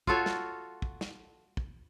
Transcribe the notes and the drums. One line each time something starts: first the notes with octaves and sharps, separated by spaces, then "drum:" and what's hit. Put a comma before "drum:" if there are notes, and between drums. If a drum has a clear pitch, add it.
F4 F#4 A4 C#5, drum: kick
drum: snare
drum: kick
drum: snare
drum: kick